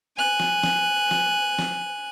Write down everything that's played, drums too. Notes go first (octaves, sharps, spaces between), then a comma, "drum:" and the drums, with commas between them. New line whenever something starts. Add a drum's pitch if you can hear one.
G#5 F#6
drum: snare
drum: snare
drum: snare
drum: snare